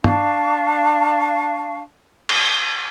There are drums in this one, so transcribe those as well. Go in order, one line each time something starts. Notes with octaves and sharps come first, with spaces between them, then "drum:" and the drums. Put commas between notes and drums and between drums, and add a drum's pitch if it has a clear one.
D4 F5 A5 C#6, drum: tom
drum: cymbal